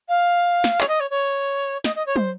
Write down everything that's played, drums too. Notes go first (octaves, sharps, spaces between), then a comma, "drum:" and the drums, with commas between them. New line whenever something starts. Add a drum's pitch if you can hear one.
F5
drum: snare
C#5, drum: clap
D#5
C#5
C#5
D#5, drum: snare
D#5
C#5
C5, drum: tom